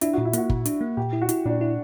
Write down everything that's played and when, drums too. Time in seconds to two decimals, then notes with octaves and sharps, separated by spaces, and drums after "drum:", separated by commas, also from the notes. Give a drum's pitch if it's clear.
0.01 D4 E4, drum: hi-hat
0.13 F#4
0.18 A#2
0.25 E4
0.33 A#3 F#4, drum: hi-hat
0.50 A#2, drum: kick
0.66 D4, drum: hi-hat
0.81 A#3
0.97 A#2 G4
1.13 E4
1.22 F#4
1.29 E4, drum: hi-hat
1.46 A#2 D4
1.61 E4